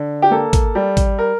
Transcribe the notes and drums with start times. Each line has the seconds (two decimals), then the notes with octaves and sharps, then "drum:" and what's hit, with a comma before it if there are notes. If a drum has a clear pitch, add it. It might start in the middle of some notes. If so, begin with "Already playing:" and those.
Already playing: D3
0.22 G4
0.31 A#3 A4
0.53 drum: kick, hi-hat
0.75 G3
0.97 drum: kick, hi-hat
1.18 A#4